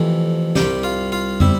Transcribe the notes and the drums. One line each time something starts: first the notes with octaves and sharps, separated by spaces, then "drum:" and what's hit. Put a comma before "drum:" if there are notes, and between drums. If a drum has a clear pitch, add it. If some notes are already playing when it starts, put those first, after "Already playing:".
Already playing: F2 C3 E3 A3
C2 C3 G3 G4 G5, drum: snare
F4 F5
F4 F5
C3 G3 E4 E5, drum: tom